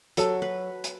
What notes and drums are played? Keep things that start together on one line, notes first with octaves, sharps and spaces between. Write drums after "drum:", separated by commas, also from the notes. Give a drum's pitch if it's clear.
F#3 A4, drum: hi-hat
B4
drum: hi-hat